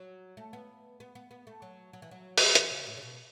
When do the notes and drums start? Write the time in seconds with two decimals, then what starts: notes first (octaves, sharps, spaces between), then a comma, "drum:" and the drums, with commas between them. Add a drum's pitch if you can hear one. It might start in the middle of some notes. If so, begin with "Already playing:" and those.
Already playing: F#3
0.37 A3
0.53 B3
1.00 B3
1.15 B3
1.31 B3
1.47 A3
1.62 F#3
1.93 F#3
2.02 E3
2.11 F#3
2.38 drum: open hi-hat
2.55 E3, drum: hi-hat
2.71 C#3
2.87 A2
2.97 C#3
3.02 B2